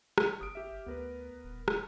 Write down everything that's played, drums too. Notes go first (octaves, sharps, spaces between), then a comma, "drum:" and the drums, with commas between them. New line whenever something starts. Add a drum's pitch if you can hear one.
drum: rim click
G1 D#6 F6 D7
G4 E5
D2 B3 A#4 B4
D#1
drum: rim click